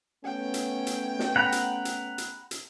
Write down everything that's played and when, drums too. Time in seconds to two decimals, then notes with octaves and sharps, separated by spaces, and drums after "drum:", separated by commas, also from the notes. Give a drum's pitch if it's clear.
0.25 A3 B3 C#4 G5
0.54 drum: hi-hat
0.87 drum: hi-hat
1.19 drum: snare
1.36 F#5 A#5 B5
1.52 drum: hi-hat
1.85 drum: hi-hat
2.18 drum: hi-hat
2.51 drum: hi-hat